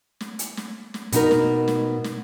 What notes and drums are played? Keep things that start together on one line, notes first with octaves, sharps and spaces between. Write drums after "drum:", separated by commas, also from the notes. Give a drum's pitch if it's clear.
drum: snare
drum: hi-hat
drum: snare
drum: snare
B2 D#4 A#4, drum: hi-hat
drum: snare
drum: snare
drum: snare